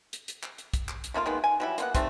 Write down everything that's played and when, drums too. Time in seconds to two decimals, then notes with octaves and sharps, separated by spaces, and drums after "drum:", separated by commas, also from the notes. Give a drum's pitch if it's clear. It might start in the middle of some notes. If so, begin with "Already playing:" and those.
0.13 drum: hi-hat
0.28 drum: hi-hat
0.43 drum: clap
0.58 drum: hi-hat
0.74 drum: kick, hi-hat
0.89 drum: clap
1.04 drum: hi-hat
1.14 A3 A#3 E4 F4
1.26 D#3 G#3 A#3 B3
1.44 G#5
1.60 F#3 G3 E4
1.78 A#3 B3 F#5, drum: hi-hat
1.95 G3 A3 C4 D#4, drum: kick, hi-hat